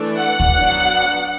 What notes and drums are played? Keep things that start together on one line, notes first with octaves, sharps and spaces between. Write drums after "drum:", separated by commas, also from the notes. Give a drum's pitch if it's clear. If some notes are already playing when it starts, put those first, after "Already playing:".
Already playing: E3 A3 D4
F#5
drum: kick
F#3 B3 D4